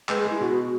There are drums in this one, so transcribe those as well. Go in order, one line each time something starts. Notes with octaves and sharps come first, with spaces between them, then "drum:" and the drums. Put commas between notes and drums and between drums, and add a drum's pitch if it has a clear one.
G#3 B4, drum: clap
G#4
G#3
E4
B2 F#4